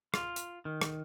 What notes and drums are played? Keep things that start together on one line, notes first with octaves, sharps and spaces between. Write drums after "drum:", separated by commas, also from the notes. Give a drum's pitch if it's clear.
F4, drum: rim click
drum: hi-hat
D#3
drum: rim click